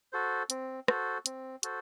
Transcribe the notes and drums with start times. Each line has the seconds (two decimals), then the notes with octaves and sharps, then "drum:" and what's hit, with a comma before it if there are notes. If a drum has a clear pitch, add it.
0.13 F#4 A4 C5
0.50 C4, drum: hi-hat
0.88 F#4 A4 C5, drum: rim click
1.26 C4, drum: hi-hat
1.63 F#4 A4 C5, drum: hi-hat